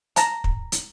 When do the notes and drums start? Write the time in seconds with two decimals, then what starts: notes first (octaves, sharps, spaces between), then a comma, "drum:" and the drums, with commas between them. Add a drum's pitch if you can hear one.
0.16 A5 A#5, drum: hi-hat
0.44 drum: kick
0.72 drum: hi-hat